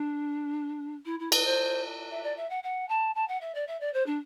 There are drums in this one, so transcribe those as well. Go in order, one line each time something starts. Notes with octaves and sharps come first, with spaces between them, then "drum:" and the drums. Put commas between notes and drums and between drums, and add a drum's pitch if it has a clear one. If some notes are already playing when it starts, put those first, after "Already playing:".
Already playing: D4
E4
E4
B4, drum: cymbal
C5
E5
D5
E5
F#5
F#5
A5
A5
F#5
E5
D5
E5
D5
C5
D4